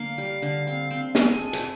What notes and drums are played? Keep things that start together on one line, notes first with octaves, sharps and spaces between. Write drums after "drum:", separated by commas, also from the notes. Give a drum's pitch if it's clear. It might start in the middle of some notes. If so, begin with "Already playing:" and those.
Already playing: D3 A#3 F5
G3
D3
C4
C4
G#3 G#5, drum: snare
A4
drum: hi-hat